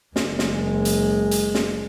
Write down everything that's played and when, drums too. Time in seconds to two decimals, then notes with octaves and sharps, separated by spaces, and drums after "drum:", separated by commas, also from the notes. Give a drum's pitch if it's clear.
0.16 F#1 G#3, drum: snare
0.39 drum: snare
0.85 drum: hi-hat
1.31 drum: hi-hat
1.54 drum: snare